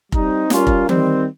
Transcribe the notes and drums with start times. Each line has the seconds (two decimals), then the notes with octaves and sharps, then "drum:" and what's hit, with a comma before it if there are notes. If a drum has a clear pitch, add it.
0.12 G3 C4 D#4, drum: kick F1
0.50 G3 C#4 F4 A#4, drum: snare
0.67 drum: kick F1
0.89 D#3 G3 C4, drum: tom E3